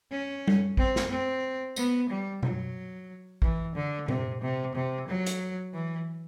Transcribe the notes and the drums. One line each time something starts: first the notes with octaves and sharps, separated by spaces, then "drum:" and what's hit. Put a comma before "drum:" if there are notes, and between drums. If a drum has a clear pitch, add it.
C#4
drum: tom G3
C4, drum: kick A#1
drum: snare
C4
B3, drum: tambourine
G3
F#3, drum: tom B2
E3, drum: kick A#1
D3
C3, drum: tom A#2
C3
C3
F#3
drum: hi-hat
E3